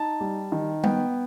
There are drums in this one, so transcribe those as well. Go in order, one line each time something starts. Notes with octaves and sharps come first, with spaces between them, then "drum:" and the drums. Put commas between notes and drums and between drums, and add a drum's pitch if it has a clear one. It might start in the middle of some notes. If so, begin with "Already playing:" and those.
Already playing: D#4 A5
G3
D#3
B3 G5, drum: tom G3